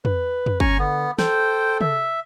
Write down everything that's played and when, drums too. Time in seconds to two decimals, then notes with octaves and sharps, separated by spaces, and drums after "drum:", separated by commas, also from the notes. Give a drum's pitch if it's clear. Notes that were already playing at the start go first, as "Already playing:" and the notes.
0.05 B4, drum: tom
0.46 drum: tom
0.60 C#4 G#5 A#5 C#6, drum: kick
0.79 D3 B3
1.19 A4 C5 G5, drum: snare
1.81 E5, drum: tom